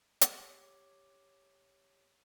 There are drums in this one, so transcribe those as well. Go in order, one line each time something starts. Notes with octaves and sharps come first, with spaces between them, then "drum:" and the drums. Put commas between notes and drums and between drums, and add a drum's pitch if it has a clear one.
G4 C#5, drum: hi-hat